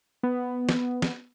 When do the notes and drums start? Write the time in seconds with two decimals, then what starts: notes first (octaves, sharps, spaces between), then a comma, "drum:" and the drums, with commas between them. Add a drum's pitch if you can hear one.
0.23 B3
0.69 drum: snare
1.02 drum: snare